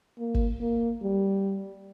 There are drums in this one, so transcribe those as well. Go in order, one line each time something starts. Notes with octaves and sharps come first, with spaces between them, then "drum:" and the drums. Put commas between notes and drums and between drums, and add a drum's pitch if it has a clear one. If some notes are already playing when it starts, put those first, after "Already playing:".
A#3
drum: kick
A#3
G3